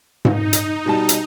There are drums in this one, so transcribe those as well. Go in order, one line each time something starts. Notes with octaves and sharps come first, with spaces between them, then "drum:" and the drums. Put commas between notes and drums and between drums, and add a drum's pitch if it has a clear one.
D#4, drum: tom G#2
drum: hi-hat
B2 G3 A5
drum: hi-hat